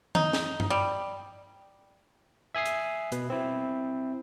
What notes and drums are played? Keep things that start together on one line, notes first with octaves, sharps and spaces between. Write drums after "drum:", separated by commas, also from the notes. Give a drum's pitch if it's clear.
D#4, drum: tom D#3
drum: snare
drum: tom G2
G3
E5 G#5 D#6 C7
drum: hi-hat
B2 B4, drum: hi-hat
C4 E4